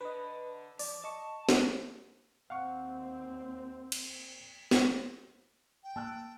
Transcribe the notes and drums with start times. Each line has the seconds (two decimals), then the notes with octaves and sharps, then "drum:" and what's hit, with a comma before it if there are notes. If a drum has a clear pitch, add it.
0.01 D3 B4 D#5
0.79 F3 D5, drum: open hi-hat
1.04 D#5 A5 C#6
1.49 drum: snare
2.50 D#2 C4 F5 F#5 C#6
3.92 drum: cymbal
4.71 drum: snare
5.83 G5
5.96 A#3 A5 E6 F#6